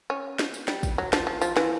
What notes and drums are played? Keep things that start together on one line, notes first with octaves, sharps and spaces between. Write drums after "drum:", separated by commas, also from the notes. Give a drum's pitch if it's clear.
C#4
drum: snare
drum: tambourine
G3, drum: snare
drum: kick, tambourine
F#3
F3, drum: snare
F3
F3, drum: tambourine
E3, drum: snare